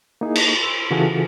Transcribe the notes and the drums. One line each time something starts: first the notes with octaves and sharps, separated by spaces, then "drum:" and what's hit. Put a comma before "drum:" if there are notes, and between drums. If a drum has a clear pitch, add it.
A#3 D#4 E4 G#4
drum: cymbal
C6 E6
C#3 E3 F4 F#4 G#4 A4